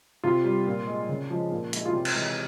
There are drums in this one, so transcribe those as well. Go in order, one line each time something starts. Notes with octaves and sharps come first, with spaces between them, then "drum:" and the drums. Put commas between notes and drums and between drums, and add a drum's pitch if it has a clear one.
C3 F4
G3
A#2
G#3
C#3
F3 G#3
A#2
G#3 E4, drum: hi-hat
F4
C3 G4
drum: cymbal
E3 G#3